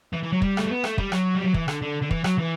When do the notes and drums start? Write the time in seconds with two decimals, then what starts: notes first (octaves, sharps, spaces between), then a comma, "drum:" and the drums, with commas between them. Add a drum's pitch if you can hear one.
0.13 E3
0.23 E3
0.33 F#3
0.42 G3, drum: kick
0.57 A3, drum: rim click
0.70 B3
0.84 A3, drum: rim click
0.98 G3, drum: kick
1.12 F#3, drum: rim click
1.35 G3
1.44 F#3
1.54 E3, drum: kick
1.68 D3, drum: rim click
1.82 D3
2.02 D3
2.11 E3, drum: kick
2.24 F#3, drum: rim click
2.38 E3